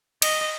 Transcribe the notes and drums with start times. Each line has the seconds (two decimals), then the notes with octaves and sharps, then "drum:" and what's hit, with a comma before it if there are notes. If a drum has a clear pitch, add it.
0.22 D#5, drum: cymbal